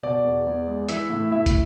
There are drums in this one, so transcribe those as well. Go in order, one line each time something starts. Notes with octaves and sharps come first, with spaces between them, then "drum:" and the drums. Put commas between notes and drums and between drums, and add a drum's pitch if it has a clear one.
B2 D5
E2
E2
G#3
E3 E4 E5, drum: hi-hat
A2
A2 E4 E5
drum: kick, hi-hat